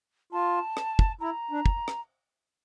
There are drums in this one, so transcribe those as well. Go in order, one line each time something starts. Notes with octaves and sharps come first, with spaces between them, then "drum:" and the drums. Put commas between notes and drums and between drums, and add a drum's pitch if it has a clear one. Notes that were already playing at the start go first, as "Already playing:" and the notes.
F4 A5
drum: rim click
drum: kick
E4 A#5
D4
drum: kick
drum: rim click